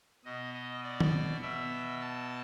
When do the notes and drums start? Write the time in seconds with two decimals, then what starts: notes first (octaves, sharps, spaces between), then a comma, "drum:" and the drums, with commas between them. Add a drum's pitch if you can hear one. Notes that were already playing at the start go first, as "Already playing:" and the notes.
0.24 B2 D#5
0.54 D#5
0.83 D5
1.00 drum: tom D#3
1.42 B2 E5
2.00 A5